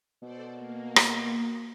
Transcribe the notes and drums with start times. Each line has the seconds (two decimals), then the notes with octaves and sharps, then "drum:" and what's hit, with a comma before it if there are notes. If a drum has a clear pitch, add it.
0.22 B2 A4 C5 D5
0.51 A#3
0.96 drum: rim click